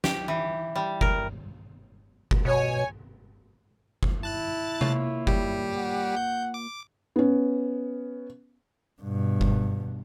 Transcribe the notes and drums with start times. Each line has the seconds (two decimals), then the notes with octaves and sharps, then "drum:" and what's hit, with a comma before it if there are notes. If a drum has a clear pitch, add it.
0.04 G4, drum: snare
0.28 E3
0.75 G3
1.01 A#4, drum: kick F#1
2.31 drum: kick F#1
2.45 B2 C#5 G#5
4.03 drum: kick F#1
4.23 E4 A5 F#6 A6
4.81 A#3 F4 C#5, drum: tom C3
5.27 G3 G4, drum: kick F#1
5.77 F#5
6.16 G6
6.54 D6
7.16 B3 C#4
9.01 G2 B2
9.41 drum: kick F#1